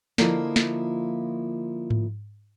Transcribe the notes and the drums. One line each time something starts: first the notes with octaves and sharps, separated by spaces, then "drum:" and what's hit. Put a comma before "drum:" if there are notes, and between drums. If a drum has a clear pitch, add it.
D3 F3 A#3 E4 F4 D#5, drum: snare
drum: snare
drum: tom G#2